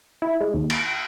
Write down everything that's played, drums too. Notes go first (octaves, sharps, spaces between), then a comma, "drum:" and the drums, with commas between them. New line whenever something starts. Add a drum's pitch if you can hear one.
E4
G#3
D#2
D7, drum: cymbal